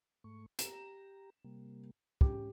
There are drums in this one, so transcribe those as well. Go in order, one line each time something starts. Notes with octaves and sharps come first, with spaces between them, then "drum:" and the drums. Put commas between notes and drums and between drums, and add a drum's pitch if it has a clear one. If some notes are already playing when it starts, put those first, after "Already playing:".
G#2 A3 C#6
G4 A#5 E7, drum: hi-hat
C3 G3 A#3
G#3 C#4 G4, drum: kick